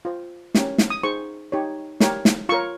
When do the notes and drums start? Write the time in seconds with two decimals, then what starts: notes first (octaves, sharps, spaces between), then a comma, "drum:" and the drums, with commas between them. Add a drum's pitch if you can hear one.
0.05 F4 C5
0.55 C#4 G4 A#4 C#5, drum: snare
0.78 drum: snare
0.90 D#6
1.03 D#4 G#4 C5 C#6
1.52 D#4 G4 C#5
2.00 G4 A#4 C#5, drum: snare
2.25 drum: snare
2.49 F4 A#4 C#5 C#6